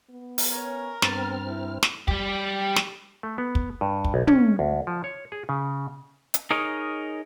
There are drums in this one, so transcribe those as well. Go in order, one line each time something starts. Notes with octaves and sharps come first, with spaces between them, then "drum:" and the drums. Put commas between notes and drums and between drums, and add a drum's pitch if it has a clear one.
B3
drum: open hi-hat
C#4 A#4 C#5
G2 B3 C4 B4 C5 A5 F6, drum: snare
E4
drum: snare
G3 G4, drum: kick
drum: snare
A3
B3
drum: kick
G2
drum: kick
B1
C#4, drum: tom
D2
F3
C#5
G#4
C#3
drum: hi-hat
D#4 G#4 A#4 C#5 D#5